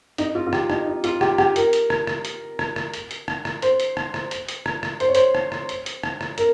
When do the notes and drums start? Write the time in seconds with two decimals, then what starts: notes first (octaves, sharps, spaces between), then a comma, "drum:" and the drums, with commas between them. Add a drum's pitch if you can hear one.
0.18 D#4, drum: hi-hat
0.35 F4
0.46 F4
0.53 G4, drum: rim click
0.70 D#4, drum: rim click
0.87 D#4
1.04 F4, drum: hi-hat
1.21 G4, drum: rim click
1.38 G4, drum: rim click
1.56 A#4, drum: hi-hat
1.73 drum: hi-hat
1.90 drum: rim click
2.07 drum: rim click
2.25 drum: hi-hat
2.59 drum: rim click
2.76 drum: rim click
2.94 drum: hi-hat
3.11 drum: hi-hat
3.28 drum: rim click
3.45 drum: rim click
3.62 C5, drum: hi-hat
3.80 drum: hi-hat
3.97 drum: rim click
4.14 drum: rim click
4.31 drum: hi-hat
4.49 drum: hi-hat
4.66 drum: rim click
4.83 drum: rim click
5.00 C5, drum: hi-hat
5.08 C#5
5.15 C5, drum: hi-hat
5.35 drum: rim click
5.52 drum: rim click
5.69 drum: hi-hat
5.86 drum: hi-hat
6.03 drum: rim click
6.21 drum: rim click
6.38 A#4, drum: hi-hat